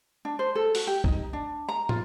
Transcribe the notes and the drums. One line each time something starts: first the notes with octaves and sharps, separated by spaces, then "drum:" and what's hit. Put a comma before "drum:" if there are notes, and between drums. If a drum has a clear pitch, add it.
D4
C5
A4
F#4, drum: open hi-hat
G4
D#4, drum: kick B1
D4
A#5
F4, drum: tom